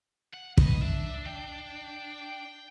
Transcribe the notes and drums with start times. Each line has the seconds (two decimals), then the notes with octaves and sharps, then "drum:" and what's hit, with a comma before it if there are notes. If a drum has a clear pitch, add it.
0.34 F#5
0.58 D#3 B4 D#5, drum: kick
0.82 D4 E5
1.26 G5